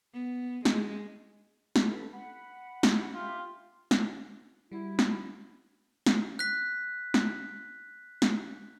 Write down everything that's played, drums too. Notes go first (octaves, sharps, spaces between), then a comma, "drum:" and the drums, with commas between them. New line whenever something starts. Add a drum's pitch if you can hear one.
B3
G#3, drum: snare
drum: snare
A4 B4 B5
F#5 B5
drum: snare
F4 G4 E5 B5
drum: snare
G3 E4 F#4
drum: snare
drum: snare
F#6 B6
drum: snare
drum: snare